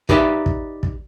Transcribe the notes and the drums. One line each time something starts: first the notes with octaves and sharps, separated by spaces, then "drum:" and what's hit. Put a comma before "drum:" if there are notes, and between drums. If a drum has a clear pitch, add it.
D#4 G4 B4 D5 E5, drum: kick
drum: kick
drum: kick